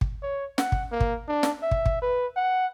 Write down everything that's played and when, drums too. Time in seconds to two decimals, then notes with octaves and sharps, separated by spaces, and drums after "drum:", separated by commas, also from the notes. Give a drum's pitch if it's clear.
0.01 drum: kick
0.23 C#5
0.58 F#5, drum: snare
0.72 drum: kick
0.91 A#3
1.00 drum: kick
1.28 D4
1.43 drum: snare
1.62 E5
1.71 drum: kick
1.86 drum: kick
2.02 B4
2.36 F#5